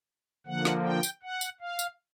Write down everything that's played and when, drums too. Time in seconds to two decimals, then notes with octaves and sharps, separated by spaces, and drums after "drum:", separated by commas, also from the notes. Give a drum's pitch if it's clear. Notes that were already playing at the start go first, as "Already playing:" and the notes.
0.46 D3 F3 A#3 F#5
0.65 drum: snare
0.84 G5
1.03 drum: tambourine
1.23 F#5
1.41 drum: tambourine
1.60 F5
1.79 drum: tambourine